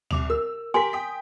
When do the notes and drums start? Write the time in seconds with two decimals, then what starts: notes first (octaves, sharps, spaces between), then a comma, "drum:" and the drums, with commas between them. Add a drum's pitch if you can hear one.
0.11 C2 D6 F7, drum: tom D2
0.30 A#4 E6
0.74 G4 A#4 G#5 C6 B6
0.93 G5 D#6 B6